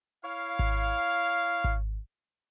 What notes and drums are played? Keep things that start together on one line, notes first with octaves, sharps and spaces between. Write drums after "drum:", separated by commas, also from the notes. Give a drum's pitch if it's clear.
E4 C#5 F5
drum: kick G#1
drum: kick G#1